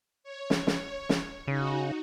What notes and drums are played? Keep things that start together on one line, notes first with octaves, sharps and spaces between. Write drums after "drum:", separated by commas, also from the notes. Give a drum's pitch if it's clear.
C#5
drum: snare
drum: snare
drum: snare
C#3 D#4 F#4